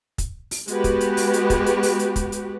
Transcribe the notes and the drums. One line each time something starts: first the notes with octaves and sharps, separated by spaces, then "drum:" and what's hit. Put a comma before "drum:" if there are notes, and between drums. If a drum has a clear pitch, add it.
drum: kick, hi-hat
drum: open hi-hat
G#3 B3 F#4 G4 B4, drum: hi-hat
drum: kick, hi-hat
drum: hi-hat
drum: open hi-hat
drum: hi-hat
drum: kick, hi-hat
drum: hi-hat
drum: open hi-hat
drum: hi-hat
drum: kick, hi-hat
drum: hi-hat